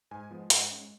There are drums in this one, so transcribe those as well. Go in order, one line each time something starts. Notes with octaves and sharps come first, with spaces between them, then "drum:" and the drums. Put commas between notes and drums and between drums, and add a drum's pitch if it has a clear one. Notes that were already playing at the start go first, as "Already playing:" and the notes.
G#2 G#5
F3 G#3 B3
G#2 F#5, drum: hi-hat
G#3 C#4